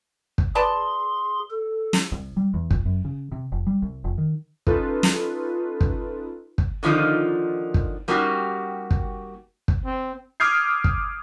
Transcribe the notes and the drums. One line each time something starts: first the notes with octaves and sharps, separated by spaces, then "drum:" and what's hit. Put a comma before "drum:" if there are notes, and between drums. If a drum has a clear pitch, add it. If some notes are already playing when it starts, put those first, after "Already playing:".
drum: kick
G#4 B4 D5 A5 C6
A4
drum: snare
C2
G3
E2
F1, drum: kick
F#2
C#3
C3
F1
G3
C2
F1
D#3
C#4 D#4 F4 A4 B4, drum: kick
drum: snare
drum: kick
drum: kick
D3 D#3 F3 A#3 D#4 F4
drum: kick
G3 A#3 C#4 D#4 F#4 G4
drum: kick
drum: kick
C4
D6 D#6 F6 G6 G#6 C7
drum: kick